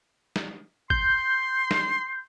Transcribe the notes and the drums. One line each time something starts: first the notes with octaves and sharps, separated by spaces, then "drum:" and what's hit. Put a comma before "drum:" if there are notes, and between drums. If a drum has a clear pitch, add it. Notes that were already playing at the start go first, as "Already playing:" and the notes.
drum: snare
C6 G6, drum: kick
drum: snare